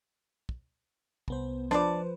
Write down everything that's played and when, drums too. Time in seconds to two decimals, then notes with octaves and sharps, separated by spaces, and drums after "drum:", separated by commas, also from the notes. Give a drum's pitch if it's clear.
0.49 drum: kick
1.28 C2 B3 C5, drum: kick
1.71 F3 D4 B4 C5 D5, drum: snare